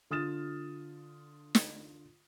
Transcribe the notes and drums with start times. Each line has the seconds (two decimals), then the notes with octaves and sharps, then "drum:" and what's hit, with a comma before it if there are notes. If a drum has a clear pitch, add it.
0.10 D3 F4 D#6 F6 A6 E7
1.55 drum: snare